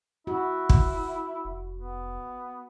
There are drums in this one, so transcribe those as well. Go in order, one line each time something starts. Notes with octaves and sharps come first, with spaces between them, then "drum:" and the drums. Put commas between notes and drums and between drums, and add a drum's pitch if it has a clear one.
E4 F#4
drum: kick
F1
B3